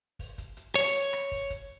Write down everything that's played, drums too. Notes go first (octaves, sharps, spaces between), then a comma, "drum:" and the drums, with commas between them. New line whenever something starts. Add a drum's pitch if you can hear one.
drum: kick, open hi-hat
drum: kick, hi-hat
drum: hi-hat
C#5, drum: hi-hat
drum: open hi-hat
drum: rim click
drum: kick, open hi-hat
drum: kick, hi-hat